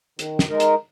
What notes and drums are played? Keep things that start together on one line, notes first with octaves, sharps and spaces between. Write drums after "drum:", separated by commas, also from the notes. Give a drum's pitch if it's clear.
D#3, drum: hi-hat
drum: snare
G#3 D#4 A#4
drum: hi-hat